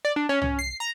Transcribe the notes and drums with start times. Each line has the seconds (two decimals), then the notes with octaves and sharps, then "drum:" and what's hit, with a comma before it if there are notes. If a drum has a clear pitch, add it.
0.05 D5
0.16 D4
0.29 C#4
0.42 C#4, drum: tom C2
0.59 C7
0.80 A#5